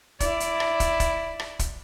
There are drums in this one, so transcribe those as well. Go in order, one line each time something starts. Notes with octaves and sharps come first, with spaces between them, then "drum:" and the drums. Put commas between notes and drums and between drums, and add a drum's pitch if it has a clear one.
E4 D5, drum: kick, hi-hat
drum: hi-hat
drum: rim click
drum: kick, hi-hat
drum: kick, hi-hat
drum: rim click
drum: kick, hi-hat